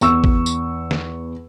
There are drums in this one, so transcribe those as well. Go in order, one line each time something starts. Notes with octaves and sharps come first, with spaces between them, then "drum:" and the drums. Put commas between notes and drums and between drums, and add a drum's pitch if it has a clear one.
E2 C#6 E6, drum: tambourine
drum: kick
drum: tambourine
drum: snare